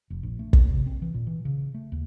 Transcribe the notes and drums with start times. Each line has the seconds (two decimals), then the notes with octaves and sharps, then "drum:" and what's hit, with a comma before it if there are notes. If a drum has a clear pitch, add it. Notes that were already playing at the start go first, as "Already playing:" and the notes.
0.10 F1
0.23 A#1
0.39 A3
0.53 D#2, drum: kick
0.71 C3
0.86 C4
1.02 E3
1.14 A#2
1.27 E3
1.45 C#3
1.74 A3
1.92 D#2